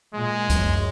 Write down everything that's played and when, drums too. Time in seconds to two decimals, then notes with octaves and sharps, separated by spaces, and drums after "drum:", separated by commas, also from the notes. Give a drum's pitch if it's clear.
0.15 A#2 G#3
0.50 F#2, drum: kick, hi-hat